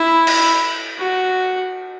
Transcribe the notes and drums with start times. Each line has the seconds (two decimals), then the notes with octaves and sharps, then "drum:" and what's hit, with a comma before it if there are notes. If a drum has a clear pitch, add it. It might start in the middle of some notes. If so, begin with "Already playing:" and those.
Already playing: E4
0.27 drum: cymbal
0.99 F#4